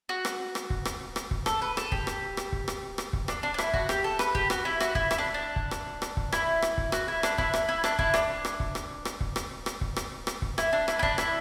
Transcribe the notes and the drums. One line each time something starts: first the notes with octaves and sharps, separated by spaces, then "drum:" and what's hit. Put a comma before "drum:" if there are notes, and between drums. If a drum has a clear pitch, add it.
F#4
drum: rim click
drum: rim click
drum: kick
drum: rim click
drum: rim click
drum: kick
A4, drum: rim click
B4
A4, drum: rim click
G4, drum: kick
drum: rim click
drum: rim click
drum: kick
drum: rim click
drum: rim click
drum: kick
D4, drum: rim click
D4
D4
E4, drum: rim click
F#4, drum: kick
G4, drum: rim click
A4
B4, drum: rim click
G4, drum: kick
F#4, drum: rim click
E4
F#4, drum: rim click
E4, drum: kick
E4, drum: rim click
D4
D4
drum: kick
drum: rim click
drum: rim click
drum: kick
E4, drum: rim click
drum: rim click
drum: kick
F#4, drum: rim click
E4
D4, drum: rim click
E4, drum: kick
drum: rim click
E4
D4, drum: rim click
E4, drum: kick
D4, drum: rim click
drum: rim click
drum: kick
drum: rim click
drum: rim click
drum: kick
drum: rim click
drum: rim click
drum: kick
drum: rim click
drum: rim click
drum: kick
E4, drum: rim click
D4
E4, drum: rim click
E4
D4, drum: kick
E4, drum: rim click